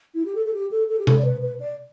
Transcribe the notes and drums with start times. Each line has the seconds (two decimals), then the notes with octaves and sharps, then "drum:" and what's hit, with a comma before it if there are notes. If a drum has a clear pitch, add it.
0.15 E4
0.25 G4
0.35 A4
0.46 A4
0.54 G4
0.71 A4
0.89 A4
0.99 G4
1.07 A4, drum: tom C3
1.18 D5
1.25 B4
1.42 B4
1.60 D5